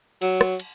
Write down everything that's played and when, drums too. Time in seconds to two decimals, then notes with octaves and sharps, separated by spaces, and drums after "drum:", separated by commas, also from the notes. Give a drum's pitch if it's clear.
0.22 F#3, drum: cymbal
0.41 drum: rim click
0.60 drum: cymbal